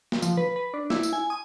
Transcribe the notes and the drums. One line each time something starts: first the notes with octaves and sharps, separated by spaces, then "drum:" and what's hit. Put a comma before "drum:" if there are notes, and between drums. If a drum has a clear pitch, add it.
drum: snare
F3, drum: tambourine
B4
B4
D4
E4, drum: snare
drum: tambourine
G#5
D#6